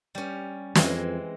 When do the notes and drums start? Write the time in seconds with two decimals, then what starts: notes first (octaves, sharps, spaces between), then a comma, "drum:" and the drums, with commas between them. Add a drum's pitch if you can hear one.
0.15 G3 C#4
0.75 F2 E3 G#3 C4, drum: snare